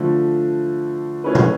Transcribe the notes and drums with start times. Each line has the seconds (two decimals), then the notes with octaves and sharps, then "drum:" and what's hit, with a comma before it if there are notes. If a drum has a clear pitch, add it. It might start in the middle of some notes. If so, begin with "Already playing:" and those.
Already playing: D3 F3 A3
1.24 A3 C#4 E4 G#4 B4
1.35 drum: tom